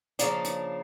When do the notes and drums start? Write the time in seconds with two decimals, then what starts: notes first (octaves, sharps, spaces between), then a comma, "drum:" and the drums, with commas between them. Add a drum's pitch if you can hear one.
0.19 C#3 F3 A#3 D4, drum: hi-hat
0.44 drum: hi-hat